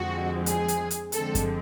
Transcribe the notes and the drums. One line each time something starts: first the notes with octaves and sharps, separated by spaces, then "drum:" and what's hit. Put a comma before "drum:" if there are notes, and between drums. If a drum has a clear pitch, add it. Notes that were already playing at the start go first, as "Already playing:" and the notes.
Already playing: F2 D3 F3 G#3 C4 F#4
G#4, drum: hi-hat
drum: hi-hat
drum: hi-hat
D3 F3 G#3 C4 A4, drum: hi-hat
drum: kick F#2, hi-hat